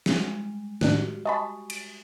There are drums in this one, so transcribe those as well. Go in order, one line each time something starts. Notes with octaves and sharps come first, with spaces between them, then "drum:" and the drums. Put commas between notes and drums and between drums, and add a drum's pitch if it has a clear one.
G3 G#3, drum: snare
A2 D#3 D4 F#4 G4 F#6, drum: snare
D#5 G#5 A5 B5 C#6 D#6
D7, drum: cymbal